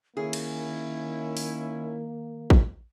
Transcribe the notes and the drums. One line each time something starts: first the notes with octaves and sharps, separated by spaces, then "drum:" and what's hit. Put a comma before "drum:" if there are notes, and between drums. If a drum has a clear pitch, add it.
D#3 A#3 C#4 E4 G#4
drum: cymbal
drum: open hi-hat
drum: kick